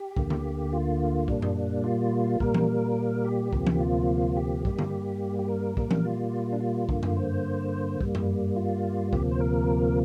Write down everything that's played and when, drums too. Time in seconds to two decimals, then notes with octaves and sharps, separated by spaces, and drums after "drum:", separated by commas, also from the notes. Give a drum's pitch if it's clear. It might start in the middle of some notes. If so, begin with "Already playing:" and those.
Already playing: G4
0.17 D2 D3 A#3, drum: kick
0.30 drum: tom D3
0.73 F4
1.28 A#2 G3 A#3 D4, drum: kick
1.42 drum: tom F#2
1.84 F4
2.40 A#2 G3 A#3 A#4, drum: kick
2.54 drum: tom E3
3.25 G4
3.53 D2 C3 F3 A#3, drum: kick
3.67 drum: tom E3
3.80 F4
4.37 G4
4.65 G2 G3 A#3, drum: kick
4.79 drum: tom D3
5.39 G4
5.48 A#4
5.77 A#2 G3 A#3, drum: kick
5.91 drum: tom E3
6.05 F4
6.53 D4
6.60 F4
6.89 G2 D3 A#3, drum: kick
7.03 drum: tom F#2
7.17 C5
8.01 G2 G3 A#3, drum: kick
8.15 drum: tom F#2
8.56 F4
9.13 D2 C3 F3 A#3 G4, drum: kick
9.31 C5
9.40 A#4